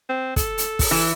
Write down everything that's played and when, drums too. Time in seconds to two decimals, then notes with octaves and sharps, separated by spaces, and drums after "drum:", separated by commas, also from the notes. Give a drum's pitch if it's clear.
0.09 C4
0.36 A4, drum: kick, hi-hat
0.58 drum: hi-hat
0.79 drum: kick, open hi-hat
0.91 E3